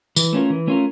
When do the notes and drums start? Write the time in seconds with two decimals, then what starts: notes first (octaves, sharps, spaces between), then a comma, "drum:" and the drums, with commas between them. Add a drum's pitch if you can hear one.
0.16 E3, drum: tambourine
0.33 A3 C#4 F4 A#4
0.50 E3
0.67 A3 C#4 F4 A#4